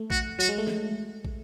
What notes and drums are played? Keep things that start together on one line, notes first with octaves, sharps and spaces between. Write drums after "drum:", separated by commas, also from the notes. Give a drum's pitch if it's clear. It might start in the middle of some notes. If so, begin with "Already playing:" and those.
Already playing: A3
F#4, drum: kick
F#3 F#4
G#3
A3
G#3, drum: snare
drum: kick